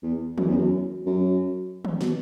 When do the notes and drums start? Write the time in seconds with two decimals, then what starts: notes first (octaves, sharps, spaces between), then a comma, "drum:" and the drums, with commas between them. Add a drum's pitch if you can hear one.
0.03 E2
0.38 F#2, drum: tom D#3
0.48 E2
0.57 F#2
1.06 F#2
1.85 drum: tom D#3
2.01 B2, drum: snare